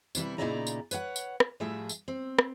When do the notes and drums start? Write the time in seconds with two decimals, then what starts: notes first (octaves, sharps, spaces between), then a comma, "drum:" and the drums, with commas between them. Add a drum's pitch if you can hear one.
0.15 C3 E3 G3 E4, drum: tambourine
0.38 A#2 C#3 D#4 E4 D5 A#5
0.67 drum: tambourine
0.91 B4 C#5 E5 F#5, drum: tambourine
1.16 drum: tambourine
1.40 drum: rim click
1.60 A2 F3 G3 A3 G#4 E5
1.89 drum: tambourine
2.08 C4
2.39 drum: rim click